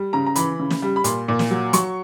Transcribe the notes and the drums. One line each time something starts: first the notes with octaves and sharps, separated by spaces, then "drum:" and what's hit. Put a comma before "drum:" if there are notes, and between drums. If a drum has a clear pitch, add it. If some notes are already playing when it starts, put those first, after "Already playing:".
Already playing: G3
C#3 A#5
A#5
E3 B5, drum: hi-hat
C#3
drum: snare
G3
B5
A#2 C6, drum: hi-hat
A#2
drum: snare
F#3
F#3 C#6, drum: hi-hat